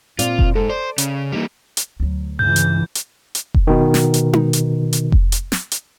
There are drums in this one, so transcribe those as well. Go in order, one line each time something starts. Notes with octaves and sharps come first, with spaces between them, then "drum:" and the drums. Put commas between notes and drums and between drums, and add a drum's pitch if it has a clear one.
A#2 C4 F4 D5, drum: hi-hat
drum: kick F1
G#2 A4
C5 D5
C#3, drum: hi-hat
E3 G3 A#3 D#4
drum: hi-hat
D2 F#3
C#2 G2 E3 G6
drum: hi-hat
drum: hi-hat
drum: hi-hat
drum: kick F1
B2 D#3
drum: snare
drum: hi-hat
drum: tom D#4
drum: hi-hat
drum: hi-hat
drum: kick F1
drum: hi-hat
drum: snare
drum: hi-hat